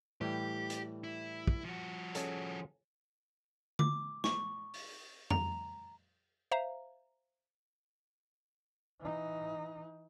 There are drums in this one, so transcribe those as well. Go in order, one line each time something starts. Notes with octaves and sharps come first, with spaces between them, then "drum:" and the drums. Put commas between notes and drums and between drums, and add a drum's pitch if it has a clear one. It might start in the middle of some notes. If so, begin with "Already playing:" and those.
A2 E3 G3 G4
drum: hi-hat
E4
drum: kick
F3 F#4
C#4 G#4 A4, drum: hi-hat
D6, drum: tom D3
C#6, drum: snare
drum: open hi-hat
A#5, drum: tom F2
C5 E5 F5 A#5
E3 D#4